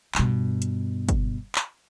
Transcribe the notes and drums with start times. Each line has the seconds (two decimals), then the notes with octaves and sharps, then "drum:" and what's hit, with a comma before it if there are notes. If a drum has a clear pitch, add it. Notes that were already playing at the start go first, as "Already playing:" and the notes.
0.15 G2 B2, drum: clap
0.62 drum: hi-hat
1.09 drum: kick, hi-hat
1.55 drum: clap